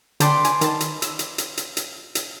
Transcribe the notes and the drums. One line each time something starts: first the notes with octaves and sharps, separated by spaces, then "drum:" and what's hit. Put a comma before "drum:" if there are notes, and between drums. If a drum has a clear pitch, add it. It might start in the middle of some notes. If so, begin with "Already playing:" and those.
D3 B4 D5 G5 A5 C6, drum: hi-hat
G#5, drum: hi-hat
D#3 A5, drum: hi-hat
drum: hi-hat
E6, drum: hi-hat
drum: hi-hat
drum: hi-hat
drum: hi-hat
drum: hi-hat
drum: hi-hat